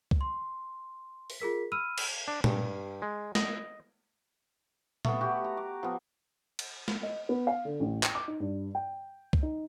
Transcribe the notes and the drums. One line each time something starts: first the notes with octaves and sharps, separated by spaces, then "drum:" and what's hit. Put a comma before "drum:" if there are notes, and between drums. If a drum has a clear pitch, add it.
drum: kick C2
C6
drum: open hi-hat
F4 G#4 A#4 B6
B5 E6 F6 D#7
drum: cymbal
D4
G2, drum: tom A#2
G#3
D#5, drum: snare
A3 B3, drum: tom A#2
F#4 G4
A#5
D6
F3 B3
drum: cymbal
drum: snare
D#5
B3
F5
D3
A1
G5, drum: clap
D6
D#4
G2
G5
drum: kick C2
D#4